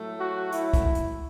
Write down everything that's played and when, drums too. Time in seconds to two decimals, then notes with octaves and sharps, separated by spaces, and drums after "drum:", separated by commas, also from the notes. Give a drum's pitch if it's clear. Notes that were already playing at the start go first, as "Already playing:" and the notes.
Already playing: A2 F#3 A3
0.20 F#4
0.52 E4, drum: hi-hat
0.73 drum: kick, hi-hat
0.95 drum: hi-hat